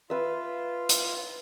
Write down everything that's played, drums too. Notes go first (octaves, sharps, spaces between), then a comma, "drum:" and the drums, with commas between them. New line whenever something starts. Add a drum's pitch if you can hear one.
F4 B4 E5
drum: hi-hat